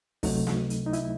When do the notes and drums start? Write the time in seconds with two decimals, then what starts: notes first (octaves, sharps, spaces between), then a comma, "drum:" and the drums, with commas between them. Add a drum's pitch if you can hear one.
0.23 C#2 C3 F#3 A3 D#4, drum: kick, open hi-hat
0.47 drum: snare
0.70 drum: hi-hat
0.86 D#4
0.93 E4, drum: hi-hat